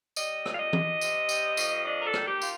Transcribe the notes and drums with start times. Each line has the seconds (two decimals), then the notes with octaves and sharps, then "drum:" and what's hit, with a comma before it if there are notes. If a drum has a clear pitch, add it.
0.16 G3 D#5, drum: tambourine
0.46 F2, drum: rim click
0.52 F5
0.59 D#5
0.73 D4, drum: tom E3
1.01 C3, drum: tambourine
1.29 G3, drum: tambourine
1.57 F2, drum: tambourine
1.85 D4 D#5
2.00 A#4
2.06 A4
2.14 D#3, drum: rim click
2.27 G4
2.42 F4, drum: tambourine